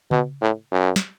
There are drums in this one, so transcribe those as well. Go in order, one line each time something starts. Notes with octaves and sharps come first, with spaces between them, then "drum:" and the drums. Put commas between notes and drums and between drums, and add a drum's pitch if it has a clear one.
B2, drum: tom C#3
A2
F#2
drum: snare